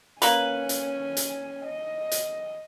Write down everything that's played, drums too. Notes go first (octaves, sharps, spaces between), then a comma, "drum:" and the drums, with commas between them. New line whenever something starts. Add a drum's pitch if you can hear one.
A#3 C#4 B4 G#5, drum: hi-hat
drum: hi-hat
drum: hi-hat
D#5
drum: hi-hat